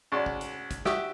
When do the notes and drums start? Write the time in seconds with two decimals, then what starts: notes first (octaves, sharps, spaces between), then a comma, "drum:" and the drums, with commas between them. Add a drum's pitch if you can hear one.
0.12 C#2 F#4 D5 C6
0.26 drum: kick
0.41 drum: hi-hat
0.71 drum: kick, hi-hat
0.85 F#4 G4 E5 D6 D#6, drum: snare